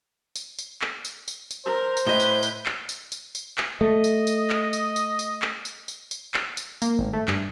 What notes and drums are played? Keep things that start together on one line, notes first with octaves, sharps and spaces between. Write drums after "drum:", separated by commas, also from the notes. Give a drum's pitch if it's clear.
drum: tambourine
drum: tambourine
drum: clap
drum: tambourine
drum: tambourine
drum: tambourine
A#4 C5
drum: tambourine
A2 B4 D#5 G6
drum: tambourine
drum: tambourine
drum: clap
drum: tambourine
drum: tambourine
drum: tambourine
drum: clap
A3 D#5
drum: tambourine
drum: tambourine
drum: clap
drum: tambourine
drum: tambourine
drum: tambourine
drum: clap
drum: tambourine
drum: tambourine
drum: tambourine
drum: clap
drum: tambourine
A#3, drum: tambourine
G#1
A3
G2, drum: clap